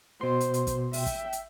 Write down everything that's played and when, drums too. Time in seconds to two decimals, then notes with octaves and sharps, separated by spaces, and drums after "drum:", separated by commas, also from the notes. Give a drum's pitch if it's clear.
0.21 B2 C5 C6
0.40 drum: hi-hat
0.54 drum: hi-hat
0.67 drum: kick, hi-hat
0.93 E5 G5, drum: open hi-hat
1.06 drum: kick, hi-hat
1.33 drum: hi-hat